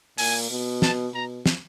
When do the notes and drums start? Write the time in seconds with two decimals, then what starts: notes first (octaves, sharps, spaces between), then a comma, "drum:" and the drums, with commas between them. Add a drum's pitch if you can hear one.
0.18 A#2 G#5, drum: open hi-hat
0.50 B2
0.82 A5, drum: snare
1.14 B2 A#5
1.46 drum: snare